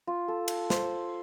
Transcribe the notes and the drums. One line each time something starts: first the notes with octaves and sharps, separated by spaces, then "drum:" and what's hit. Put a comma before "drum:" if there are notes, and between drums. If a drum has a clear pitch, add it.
F4
A4
drum: cymbal
C5, drum: snare